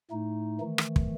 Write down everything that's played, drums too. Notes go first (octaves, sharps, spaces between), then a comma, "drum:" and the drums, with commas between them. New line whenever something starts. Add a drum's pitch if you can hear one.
A2 A3 D#4
D#3 E3 A3
drum: rim click
drum: kick